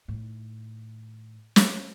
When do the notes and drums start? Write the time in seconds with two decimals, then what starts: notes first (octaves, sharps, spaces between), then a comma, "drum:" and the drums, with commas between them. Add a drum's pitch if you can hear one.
0.08 A2 D#3
1.56 drum: snare